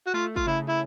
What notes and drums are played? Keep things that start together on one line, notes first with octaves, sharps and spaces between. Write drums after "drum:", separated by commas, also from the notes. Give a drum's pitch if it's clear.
F#4
A3 F4
F4, drum: kick
C#3 E4
E4